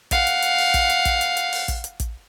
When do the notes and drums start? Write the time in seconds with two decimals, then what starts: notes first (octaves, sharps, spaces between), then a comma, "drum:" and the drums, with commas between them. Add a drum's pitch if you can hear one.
0.11 F5 F#5, drum: kick, hi-hat
0.27 drum: hi-hat
0.43 drum: hi-hat
0.58 drum: open hi-hat
0.74 drum: kick, hi-hat
0.90 drum: hi-hat
1.05 drum: kick, hi-hat
1.21 drum: hi-hat
1.37 drum: hi-hat
1.53 drum: open hi-hat
1.68 drum: kick, hi-hat
1.84 drum: hi-hat
2.00 drum: kick, hi-hat